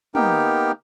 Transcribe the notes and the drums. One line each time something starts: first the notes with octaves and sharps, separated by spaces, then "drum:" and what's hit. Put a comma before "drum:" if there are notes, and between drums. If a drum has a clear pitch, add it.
A#3 B3 D#4 G4 A#4 G5, drum: tom